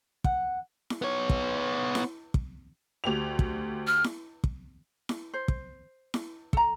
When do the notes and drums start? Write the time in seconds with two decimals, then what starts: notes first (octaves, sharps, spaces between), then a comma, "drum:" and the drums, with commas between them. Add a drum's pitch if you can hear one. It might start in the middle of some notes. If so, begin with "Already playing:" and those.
0.24 F#5, drum: kick
0.90 drum: snare E4
1.02 B3 C#5
1.30 drum: kick
1.95 drum: snare E4
2.34 drum: kick
3.04 D2 G4 F7
3.39 drum: kick
3.87 F6
4.04 drum: snare E4
4.44 drum: kick
5.09 drum: snare E4
5.34 C5
5.48 drum: kick
6.14 drum: snare E4
6.53 A4 A#5, drum: kick